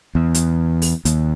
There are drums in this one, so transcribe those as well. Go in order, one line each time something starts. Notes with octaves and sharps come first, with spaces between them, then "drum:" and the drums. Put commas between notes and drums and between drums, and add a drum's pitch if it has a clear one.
E2
drum: hi-hat
drum: open hi-hat
D#2, drum: hi-hat